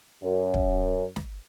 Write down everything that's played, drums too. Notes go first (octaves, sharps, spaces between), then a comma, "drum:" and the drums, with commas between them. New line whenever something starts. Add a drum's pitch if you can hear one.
F#2
drum: kick
drum: snare